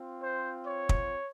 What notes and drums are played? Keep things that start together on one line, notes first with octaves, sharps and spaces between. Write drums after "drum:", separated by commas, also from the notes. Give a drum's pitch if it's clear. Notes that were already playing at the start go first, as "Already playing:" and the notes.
Already playing: C4 F4
C5
C#5
drum: kick